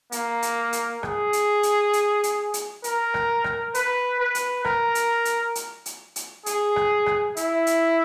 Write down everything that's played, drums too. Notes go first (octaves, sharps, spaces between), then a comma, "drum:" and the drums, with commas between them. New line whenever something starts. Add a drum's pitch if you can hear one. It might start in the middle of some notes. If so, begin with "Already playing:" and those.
A#3, drum: hi-hat
drum: hi-hat
drum: hi-hat
G#4, drum: rim click
drum: hi-hat
drum: hi-hat
drum: hi-hat
drum: hi-hat
drum: hi-hat
A#4, drum: hi-hat
drum: rim click
drum: rim click
B4, drum: hi-hat
B4
drum: hi-hat
A#4, drum: rim click
drum: hi-hat
drum: hi-hat
drum: hi-hat
drum: hi-hat
drum: hi-hat
G#4, drum: hi-hat
drum: rim click
drum: rim click
E4, drum: hi-hat
drum: hi-hat